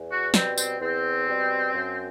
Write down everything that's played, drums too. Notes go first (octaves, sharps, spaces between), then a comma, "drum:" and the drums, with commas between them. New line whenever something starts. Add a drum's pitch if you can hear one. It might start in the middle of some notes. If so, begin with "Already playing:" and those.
Already playing: E2
F#4
B2 G3 C4, drum: snare
C4, drum: tambourine
E2 C4
B2 G3
F#2